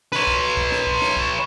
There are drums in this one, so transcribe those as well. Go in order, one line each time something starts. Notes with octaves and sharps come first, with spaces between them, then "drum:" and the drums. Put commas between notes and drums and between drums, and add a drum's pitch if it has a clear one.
B4 C#5, drum: snare
drum: kick
drum: kick
drum: snare
drum: kick
drum: snare
drum: kick